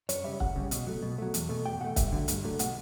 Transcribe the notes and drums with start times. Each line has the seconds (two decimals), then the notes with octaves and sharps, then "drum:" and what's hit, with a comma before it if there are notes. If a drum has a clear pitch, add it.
0.09 F#2 C#5, drum: hi-hat
0.24 C#3 G3 E5
0.40 F#2 F#5, drum: kick C#1
0.56 C#3 G3
0.71 B2, drum: hi-hat
0.87 F#3 A3
1.02 B2
1.18 F#3 A3
1.34 E2, drum: hi-hat
1.49 B2 A3
1.65 E2 G5
1.81 B2 A3 F#5
1.96 G2 E5, drum: kick C#1, hi-hat
2.12 D3 F#3 A3
2.28 G2, drum: hi-hat
2.44 D3 F#3 A3
2.59 B2 F#5, drum: hi-hat